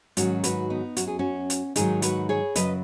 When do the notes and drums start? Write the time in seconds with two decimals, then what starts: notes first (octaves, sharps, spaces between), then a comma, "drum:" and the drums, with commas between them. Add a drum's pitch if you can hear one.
0.17 G#2 D#3 F#3 C#4 F#4, drum: hi-hat
0.44 F#4 B4, drum: hi-hat
0.70 B3 D#4
0.97 F#2 F#3 F#4, drum: hi-hat
1.07 G#4
1.19 C#4 F#4
1.50 drum: hi-hat
1.76 G#2 D#3 F#3 D#4 G#4, drum: hi-hat
2.02 F#4 B4, drum: hi-hat
2.29 G#4 C#5
2.55 F#2 C#3 F#3 B4 D#5, drum: hi-hat